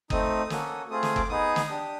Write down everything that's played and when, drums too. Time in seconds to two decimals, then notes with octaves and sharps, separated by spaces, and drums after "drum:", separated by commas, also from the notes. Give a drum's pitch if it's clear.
0.10 A3 C4 D#4 D#6, drum: kick
0.50 A#3 C#4 F#4 A4, drum: snare
0.90 A3 C4 F4 G#4 D#6
1.03 D#6, drum: snare
1.16 D6, drum: kick
1.29 B3 D#4 G#4 D#6
1.56 drum: snare
1.69 D4 G4